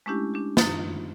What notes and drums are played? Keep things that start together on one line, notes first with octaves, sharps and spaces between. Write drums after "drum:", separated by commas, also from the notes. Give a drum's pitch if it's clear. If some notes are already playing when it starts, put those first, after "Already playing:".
G#3 A3 C#4 D4 E4 G4
D4 G4
F#2 D#3 D#4 F4 A6, drum: snare